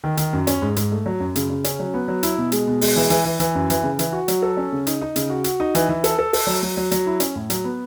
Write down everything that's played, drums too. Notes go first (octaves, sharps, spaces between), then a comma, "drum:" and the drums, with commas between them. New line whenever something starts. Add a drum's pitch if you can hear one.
D#3
D#3, drum: hi-hat
F#2
C#4, drum: hi-hat
G#2
G#2, drum: hi-hat
A3
F#3
F#2
C#3, drum: hi-hat
C#3
C#4, drum: hi-hat
F#3
B3
F#3
E4, drum: hi-hat
B2
G#3, drum: hi-hat
B2
G#3, drum: open hi-hat
E3
E3, drum: hi-hat
E3
E3, drum: hi-hat
F#2
E3, drum: hi-hat
C#3
E3, drum: hi-hat
F#4
F#3, drum: hi-hat
A4
C#4
C#3
D#4, drum: hi-hat
D#4
C#3, drum: hi-hat
F#4
F#4, drum: hi-hat
D#4
E3, drum: hi-hat
E3
A4, drum: hi-hat
A4
A4, drum: open hi-hat
F#3
F#3
F#3
F#3, drum: hi-hat
E4
C#4, drum: hi-hat
A2
F#3, drum: hi-hat
B3